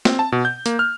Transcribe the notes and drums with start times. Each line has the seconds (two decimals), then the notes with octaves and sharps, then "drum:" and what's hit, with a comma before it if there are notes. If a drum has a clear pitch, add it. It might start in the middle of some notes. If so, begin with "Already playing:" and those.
0.05 C4, drum: snare
0.19 A5
0.32 B2
0.45 G6
0.66 A#3, drum: hi-hat
0.79 F6